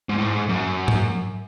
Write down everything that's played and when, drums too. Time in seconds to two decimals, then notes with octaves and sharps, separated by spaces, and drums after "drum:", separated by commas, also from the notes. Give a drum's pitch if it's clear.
0.09 G#2
0.18 A2
0.27 G#2
0.49 F#2
0.88 drum: tom G#2